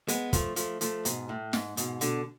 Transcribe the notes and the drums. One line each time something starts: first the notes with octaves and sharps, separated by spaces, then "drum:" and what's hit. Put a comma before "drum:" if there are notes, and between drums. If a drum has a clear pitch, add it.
G#3 B3, drum: hi-hat
F3 A3, drum: kick, hi-hat
F3 A3, drum: hi-hat
F3 A3, drum: hi-hat
G#2 B2, drum: hi-hat
A2
G#2, drum: snare
G#2 B2, drum: hi-hat
B2 D3, drum: hi-hat